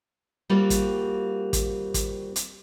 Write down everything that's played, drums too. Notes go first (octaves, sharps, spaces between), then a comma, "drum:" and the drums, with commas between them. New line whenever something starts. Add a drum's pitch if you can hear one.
G3 A#3 C4 F4 F#4
drum: kick, hi-hat
drum: kick, hi-hat
drum: kick, hi-hat
drum: hi-hat